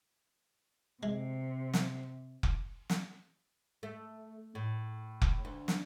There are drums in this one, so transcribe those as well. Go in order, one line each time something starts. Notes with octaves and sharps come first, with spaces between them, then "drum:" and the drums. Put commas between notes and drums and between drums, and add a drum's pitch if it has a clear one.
C3 G#3
drum: snare
drum: kick F1
drum: snare
A3
A2
drum: kick F1
D2
drum: snare